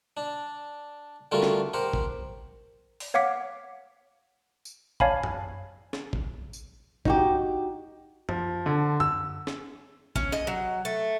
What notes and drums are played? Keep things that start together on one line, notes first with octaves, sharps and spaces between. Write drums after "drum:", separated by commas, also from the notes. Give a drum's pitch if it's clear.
D4
D3 G3 A3 F4 F#4 A#4
drum: snare
G4 A#4 C5 F#5
drum: kick A1
drum: open hi-hat
C#5 F5 F#5 D6 B6
drum: tambourine
C#5 D5 F5 G#5 A5 B5, drum: kick A1
drum: tom F#2
drum: snare
drum: kick A1
drum: tambourine
D#4 F#4 G4, drum: kick A1
F3, drum: tom F#2
D3
E6, drum: tom F#2
drum: snare
C#4, drum: kick A1
D#5, drum: snare
F#3
A3